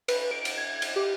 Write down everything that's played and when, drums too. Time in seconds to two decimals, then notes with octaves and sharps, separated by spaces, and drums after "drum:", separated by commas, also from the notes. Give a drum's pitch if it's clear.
0.08 B4, drum: cymbal
0.31 D7
0.45 drum: cymbal
0.58 G#6
0.82 drum: cymbal
0.96 G4